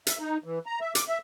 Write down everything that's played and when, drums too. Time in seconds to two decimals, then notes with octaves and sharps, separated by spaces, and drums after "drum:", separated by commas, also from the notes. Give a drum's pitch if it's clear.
0.07 E5, drum: hi-hat
0.20 D#4
0.44 E3
0.66 A#5
0.80 E5
0.95 D6, drum: hi-hat
1.08 E5